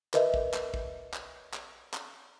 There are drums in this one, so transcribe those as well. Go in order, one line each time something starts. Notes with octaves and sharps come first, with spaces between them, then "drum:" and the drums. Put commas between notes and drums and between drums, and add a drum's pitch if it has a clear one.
A#4 B4 D#5 E5, drum: clap
drum: kick A#1
drum: clap
drum: kick A#1
drum: clap
drum: clap
drum: clap